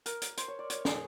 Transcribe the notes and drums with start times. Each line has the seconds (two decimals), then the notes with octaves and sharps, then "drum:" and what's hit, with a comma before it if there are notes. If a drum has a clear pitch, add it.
0.06 A#4, drum: hi-hat
0.22 drum: hi-hat
0.37 C5, drum: hi-hat
0.48 C#5
0.59 D5
0.70 C#5, drum: hi-hat
0.85 G#4, drum: snare